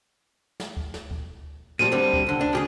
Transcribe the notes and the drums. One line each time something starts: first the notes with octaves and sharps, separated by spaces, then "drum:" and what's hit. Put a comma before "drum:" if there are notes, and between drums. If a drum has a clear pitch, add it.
drum: snare
drum: kick D2
drum: snare
drum: kick D2
A#2 F3 G3 D#7
D3 G3 C4
drum: kick D2
C2 D3
D4
C#3 G4 G#4